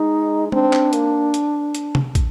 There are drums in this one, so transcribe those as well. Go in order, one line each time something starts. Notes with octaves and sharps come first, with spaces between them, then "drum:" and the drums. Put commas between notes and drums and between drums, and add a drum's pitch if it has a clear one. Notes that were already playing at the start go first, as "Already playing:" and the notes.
Already playing: G#3 D#4
C4 D4, drum: tom
drum: clap
A#3, drum: hi-hat
drum: hi-hat
drum: hi-hat
drum: tom C3
drum: kick, hi-hat